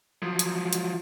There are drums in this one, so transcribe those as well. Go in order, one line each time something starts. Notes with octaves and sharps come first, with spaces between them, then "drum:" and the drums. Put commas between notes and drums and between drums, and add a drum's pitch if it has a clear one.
F3 F#3
drum: hi-hat
drum: hi-hat